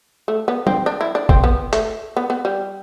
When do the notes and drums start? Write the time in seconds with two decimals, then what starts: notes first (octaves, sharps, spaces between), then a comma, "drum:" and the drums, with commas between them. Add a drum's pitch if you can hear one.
0.28 A3
0.48 B3
0.67 C4, drum: tom
0.86 D4
1.01 E4
1.15 D4
1.29 C4, drum: kick
1.44 B3
1.73 A3, drum: hi-hat
2.17 B3
2.30 B3
2.45 G3